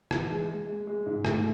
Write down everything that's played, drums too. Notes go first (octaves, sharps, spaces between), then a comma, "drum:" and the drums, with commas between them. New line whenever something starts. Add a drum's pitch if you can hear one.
E3, drum: rim click
G#3
G#3
G#3
G#3
G#2
A3, drum: rim click